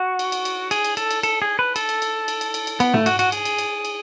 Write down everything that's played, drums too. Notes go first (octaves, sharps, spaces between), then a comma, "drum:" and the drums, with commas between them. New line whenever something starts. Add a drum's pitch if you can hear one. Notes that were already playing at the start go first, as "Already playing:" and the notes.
Already playing: F#4
drum: cymbal
drum: cymbal
drum: cymbal
G#4, drum: cymbal
drum: cymbal
A4, drum: cymbal
drum: cymbal
A4, drum: cymbal
G#4
B4
A4, drum: cymbal
drum: cymbal
drum: cymbal
drum: cymbal
drum: cymbal
drum: cymbal
drum: cymbal
B3, drum: cymbal
A3, drum: tom G#2
F#4, drum: cymbal
F#4, drum: cymbal
G#4, drum: cymbal
drum: cymbal
drum: cymbal
drum: cymbal